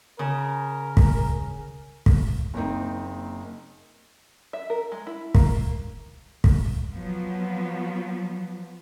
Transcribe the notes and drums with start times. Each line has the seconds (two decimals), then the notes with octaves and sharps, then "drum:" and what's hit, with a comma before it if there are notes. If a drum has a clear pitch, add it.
0.19 C#3 A#4
0.97 drum: kick
2.06 drum: kick
2.54 F#1 A#3 C4 D#4
4.53 E5
4.70 A#4
4.92 G#3
5.07 E4
5.35 A#3, drum: kick
6.44 drum: kick
6.92 F3 F#3 B3